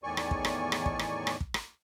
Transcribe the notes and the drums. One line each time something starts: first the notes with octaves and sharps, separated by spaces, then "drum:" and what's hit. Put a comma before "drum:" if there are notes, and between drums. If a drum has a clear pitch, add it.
E2 A2 D#3 D5 G#5 C#6
drum: rim click
drum: kick
drum: rim click
drum: rim click
drum: kick
drum: rim click
drum: rim click
drum: kick
drum: rim click